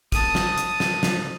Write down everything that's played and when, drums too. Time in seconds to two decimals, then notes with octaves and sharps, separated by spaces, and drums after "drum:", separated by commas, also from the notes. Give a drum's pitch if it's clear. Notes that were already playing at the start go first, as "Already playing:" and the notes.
0.12 A5 D#6, drum: kick, hi-hat
0.35 drum: snare
0.58 drum: hi-hat
0.80 drum: snare
1.03 drum: snare